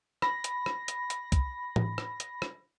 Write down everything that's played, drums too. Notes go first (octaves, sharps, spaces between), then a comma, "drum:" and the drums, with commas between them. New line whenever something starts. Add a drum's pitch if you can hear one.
B5 A#6, drum: rim click
drum: hi-hat
drum: rim click
drum: hi-hat
drum: hi-hat
drum: kick, hi-hat
drum: tom A2
drum: rim click
drum: hi-hat
drum: rim click